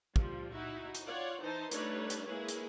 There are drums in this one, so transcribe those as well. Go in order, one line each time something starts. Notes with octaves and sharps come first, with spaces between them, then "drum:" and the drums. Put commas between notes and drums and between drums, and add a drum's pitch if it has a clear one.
F3 G3, drum: kick
D#4 E4 F#4
drum: hi-hat
F4 C#5 D5 F#5
E3 D#4 C5 A5
G3 A3 D4 D#4 B4 C#5, drum: hi-hat
drum: hi-hat
G#3 A#3 E4 G#4 B4 C#5
drum: hi-hat